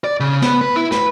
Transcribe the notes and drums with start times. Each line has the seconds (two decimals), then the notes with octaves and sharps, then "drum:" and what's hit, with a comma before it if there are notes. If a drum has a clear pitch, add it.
0.04 D5
0.20 C#3
0.42 B3, drum: snare
0.61 B4
0.76 E4
0.92 B4, drum: snare